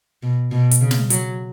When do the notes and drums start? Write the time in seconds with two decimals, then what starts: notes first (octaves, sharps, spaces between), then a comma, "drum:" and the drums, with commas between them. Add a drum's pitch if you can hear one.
0.23 B2
0.52 B2
0.71 drum: hi-hat
0.81 C#3
0.91 drum: snare
1.10 F#3, drum: hi-hat